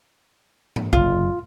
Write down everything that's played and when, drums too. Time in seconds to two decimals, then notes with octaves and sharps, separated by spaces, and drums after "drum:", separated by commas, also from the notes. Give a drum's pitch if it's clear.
0.76 drum: tom
0.93 F#1 C3 F4, drum: kick B1